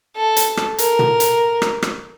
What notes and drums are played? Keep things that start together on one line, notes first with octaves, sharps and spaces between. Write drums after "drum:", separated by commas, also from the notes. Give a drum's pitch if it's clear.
A4
drum: hi-hat
drum: rim click
A#4, drum: hi-hat
drum: tom
drum: hi-hat
drum: rim click
drum: rim click